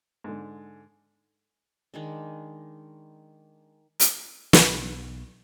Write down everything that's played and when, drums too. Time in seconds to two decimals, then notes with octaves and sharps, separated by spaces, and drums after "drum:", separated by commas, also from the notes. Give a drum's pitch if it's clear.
0.24 G#2 D3
1.94 D#3 G#3 D4
4.00 drum: hi-hat
4.53 B1, drum: snare